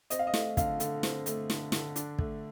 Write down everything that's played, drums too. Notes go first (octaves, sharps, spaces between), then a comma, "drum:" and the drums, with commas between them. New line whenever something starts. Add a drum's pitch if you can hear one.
C4 D#5, drum: hi-hat
F5
D#5
A3, drum: snare
D3 F5, drum: kick, hi-hat
D3, drum: hi-hat
C4, drum: snare
A3, drum: hi-hat
D3, drum: snare
D3, drum: snare
D4, drum: hi-hat
A3, drum: kick